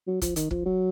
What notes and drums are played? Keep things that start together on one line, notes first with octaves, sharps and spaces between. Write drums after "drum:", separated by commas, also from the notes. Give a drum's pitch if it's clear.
F#3
F3, drum: kick, hi-hat
D#3, drum: hi-hat
F3, drum: kick
F#3